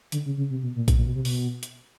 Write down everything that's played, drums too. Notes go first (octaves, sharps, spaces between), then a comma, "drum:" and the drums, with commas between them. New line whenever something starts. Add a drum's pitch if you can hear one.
D3, drum: hi-hat
C#3
C#3
C3
B2
A#2
A2, drum: kick A#1, hi-hat
A#2
B2
C3
B2, drum: open hi-hat
drum: hi-hat